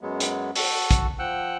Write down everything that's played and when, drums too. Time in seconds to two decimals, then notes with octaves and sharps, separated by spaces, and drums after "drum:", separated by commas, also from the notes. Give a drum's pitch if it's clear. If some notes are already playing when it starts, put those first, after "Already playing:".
0.01 F#2 F#3 G#3 B3
0.20 drum: hi-hat
0.55 F#4 A4, drum: open hi-hat
0.91 drum: kick, hi-hat
1.19 F3 F#5 G5 E6 F#6